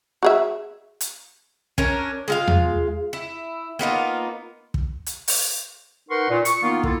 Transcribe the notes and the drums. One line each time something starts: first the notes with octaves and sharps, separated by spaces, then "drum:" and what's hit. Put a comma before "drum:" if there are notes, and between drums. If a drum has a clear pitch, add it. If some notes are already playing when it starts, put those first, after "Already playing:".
F#4 G#4 E5
drum: hi-hat
C#4 D4 A#4, drum: kick
G#3 F4 F5
drum: tom E2
E4
A#3 B3 D#4 F4
drum: kick
drum: hi-hat
drum: open hi-hat
D#4 A#4 B4 F#5 C6 C#6
A#2
C#6, drum: hi-hat
D#3 A#3 B3 D#4 F4
A#3 E4 F4 A4, drum: kick